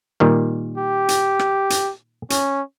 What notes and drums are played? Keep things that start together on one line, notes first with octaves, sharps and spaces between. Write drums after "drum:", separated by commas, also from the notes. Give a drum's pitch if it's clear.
A#2 D#3 G3
G4
drum: hi-hat
drum: rim click
drum: hi-hat
C#4, drum: hi-hat